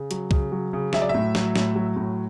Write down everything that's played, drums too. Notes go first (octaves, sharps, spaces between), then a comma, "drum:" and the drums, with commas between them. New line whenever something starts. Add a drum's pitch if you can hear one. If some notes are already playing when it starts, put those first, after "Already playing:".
Already playing: C#3
F#3, drum: hi-hat
C#3, drum: kick C2
F#3
C#3
F#3 E5, drum: snare
D5
E5
A2
F#3, drum: snare
A2, drum: snare
F#3
A2